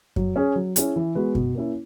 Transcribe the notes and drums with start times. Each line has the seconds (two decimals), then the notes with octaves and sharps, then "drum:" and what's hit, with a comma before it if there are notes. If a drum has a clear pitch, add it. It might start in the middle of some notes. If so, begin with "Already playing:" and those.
0.16 F#3, drum: kick F#2
0.36 C#4 G#4
0.55 F#3
0.76 C#4 E4 G#4, drum: hi-hat
0.96 E3
1.15 G#3 B3 F#4 B4
1.35 B2, drum: kick F#2
1.55 A#3 C#4 E4